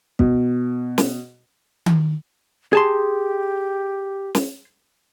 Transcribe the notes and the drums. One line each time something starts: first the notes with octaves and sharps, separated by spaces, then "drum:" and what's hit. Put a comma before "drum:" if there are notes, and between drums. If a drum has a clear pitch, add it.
B2, drum: kick
drum: snare
drum: tom D#3
G4 G#4 A5 C6
drum: snare